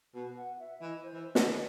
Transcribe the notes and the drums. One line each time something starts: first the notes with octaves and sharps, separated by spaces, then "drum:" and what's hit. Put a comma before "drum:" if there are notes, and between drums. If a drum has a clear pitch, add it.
B2 B4
F#5
E5
E3 D#5
C5
E3
drum: snare
D#3